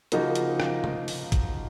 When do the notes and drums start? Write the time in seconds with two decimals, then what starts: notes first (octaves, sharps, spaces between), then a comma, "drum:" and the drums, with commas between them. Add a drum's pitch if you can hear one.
0.12 C#3 F3 A#3 D#4 F#4, drum: hi-hat
0.35 drum: hi-hat
0.60 drum: rim click
0.84 drum: tom C3
1.08 drum: open hi-hat
1.32 drum: kick, hi-hat